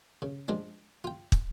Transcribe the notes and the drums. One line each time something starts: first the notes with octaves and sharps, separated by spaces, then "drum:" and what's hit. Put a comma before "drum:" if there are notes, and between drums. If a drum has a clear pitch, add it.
C#3
F3 G#3 C4 D4
F4 G5
drum: kick